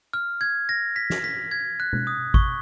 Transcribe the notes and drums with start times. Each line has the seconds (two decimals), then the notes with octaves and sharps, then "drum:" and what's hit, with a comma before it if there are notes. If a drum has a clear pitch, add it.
0.13 F6
0.41 G#6
0.69 A#6
0.96 B6
1.10 drum: snare
1.24 B6
1.51 G#6
1.80 F#6
1.93 drum: tom
2.07 D#6
2.34 C#6, drum: kick G#1